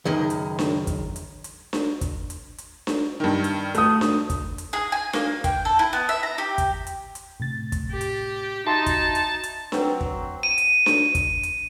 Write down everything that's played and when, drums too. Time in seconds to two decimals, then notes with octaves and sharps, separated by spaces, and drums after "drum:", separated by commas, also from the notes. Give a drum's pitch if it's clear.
0.05 C#2 F#2 D#3
0.30 drum: hi-hat
0.59 drum: snare D4
0.87 drum: kick, hi-hat
1.16 drum: hi-hat
1.44 drum: hi-hat
1.73 drum: snare D4
2.01 drum: kick, hi-hat
2.30 drum: hi-hat
2.58 drum: hi-hat
2.87 drum: snare D4
3.20 G2 D#3
3.44 drum: hi-hat
3.75 A3 D#6, drum: hi-hat
4.01 drum: snare D4
4.30 drum: kick, hi-hat
4.58 drum: hi-hat
4.73 G#4
4.92 G#5
5.13 A#3, drum: snare D4
5.44 G5, drum: kick, hi-hat
5.65 A4
5.79 E4
5.93 B3
6.09 E5
6.23 A#5
6.38 G4
6.58 drum: kick, hi-hat
6.87 drum: hi-hat
7.15 drum: hi-hat
7.40 A2 C3 A6
7.72 drum: kick, hi-hat
7.91 G4
8.01 drum: hi-hat
8.67 D#4 F#4 E5 A5 C6
8.86 drum: kick, hi-hat
9.15 drum: hi-hat
9.43 drum: hi-hat
9.72 F#3 C4 B4, drum: snare D4
10.01 drum: kick
10.43 D#7
10.58 drum: hi-hat
10.86 drum: snare D4
11.15 drum: kick, hi-hat
11.43 drum: hi-hat